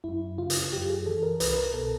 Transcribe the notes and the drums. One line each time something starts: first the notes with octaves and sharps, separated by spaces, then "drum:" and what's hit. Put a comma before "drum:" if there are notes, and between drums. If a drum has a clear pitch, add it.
F#2 E4
C#3 F4
drum: hi-hat
F#2 G4
G#4
E3 A4
A#4
C2 B4, drum: hi-hat
A#4
B2 A4